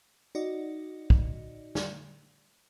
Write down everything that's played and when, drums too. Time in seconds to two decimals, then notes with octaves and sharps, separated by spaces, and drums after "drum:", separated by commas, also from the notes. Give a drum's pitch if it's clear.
0.35 D#4 F#4 D5 D#5
1.10 drum: kick
1.75 drum: snare